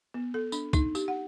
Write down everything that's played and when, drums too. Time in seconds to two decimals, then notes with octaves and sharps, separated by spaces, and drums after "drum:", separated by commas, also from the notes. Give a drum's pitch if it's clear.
0.14 B3
0.34 A4
0.52 D4, drum: tambourine
0.73 D#4, drum: kick C#2, tambourine
0.95 G4, drum: tambourine
1.08 F#5